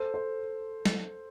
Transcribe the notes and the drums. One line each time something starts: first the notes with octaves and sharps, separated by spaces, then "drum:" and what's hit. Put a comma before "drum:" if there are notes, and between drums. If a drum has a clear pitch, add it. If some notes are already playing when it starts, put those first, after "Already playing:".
Already playing: A4 C5
A4 C5
drum: snare